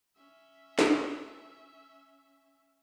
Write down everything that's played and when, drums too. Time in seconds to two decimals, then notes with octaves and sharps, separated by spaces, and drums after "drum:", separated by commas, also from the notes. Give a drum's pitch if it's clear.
0.16 C#4 E5
0.79 drum: snare